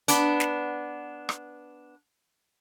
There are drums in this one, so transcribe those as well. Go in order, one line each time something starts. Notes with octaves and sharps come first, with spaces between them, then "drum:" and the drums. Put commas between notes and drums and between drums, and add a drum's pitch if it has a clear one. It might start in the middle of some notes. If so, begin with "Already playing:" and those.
B3 D4, drum: hi-hat
drum: snare
drum: rim click